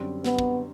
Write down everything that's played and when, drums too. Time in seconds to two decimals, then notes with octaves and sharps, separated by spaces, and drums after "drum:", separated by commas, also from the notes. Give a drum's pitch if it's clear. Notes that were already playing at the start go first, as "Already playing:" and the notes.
Already playing: F#2 D3 G3 C4
0.25 B3, drum: snare
0.39 drum: kick